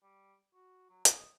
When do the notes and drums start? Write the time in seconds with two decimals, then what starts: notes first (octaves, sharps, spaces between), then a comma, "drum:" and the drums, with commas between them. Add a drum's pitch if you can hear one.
0.02 G3
0.54 F#4
0.89 F#3
1.05 D#5, drum: hi-hat